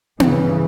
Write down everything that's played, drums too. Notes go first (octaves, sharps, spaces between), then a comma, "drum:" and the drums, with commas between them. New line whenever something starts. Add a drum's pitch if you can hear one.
G2 C#3 E3, drum: tom B3